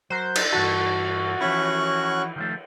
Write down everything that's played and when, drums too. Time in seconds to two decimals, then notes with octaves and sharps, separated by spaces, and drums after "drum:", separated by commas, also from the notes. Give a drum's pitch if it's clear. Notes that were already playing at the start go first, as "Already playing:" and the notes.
0.10 F#3 A#4 C5
0.35 drum: cymbal
0.53 G2 E3 F#4 A4
1.41 E3 F3 C#4 E4 C#6 F#6
2.36 D#3 F3 A3